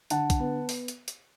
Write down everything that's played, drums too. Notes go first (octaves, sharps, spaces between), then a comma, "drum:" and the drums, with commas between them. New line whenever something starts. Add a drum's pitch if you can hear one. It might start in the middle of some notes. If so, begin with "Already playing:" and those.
D3 F#5 A5, drum: hi-hat
drum: kick, hi-hat
B3
drum: open hi-hat
drum: hi-hat
drum: hi-hat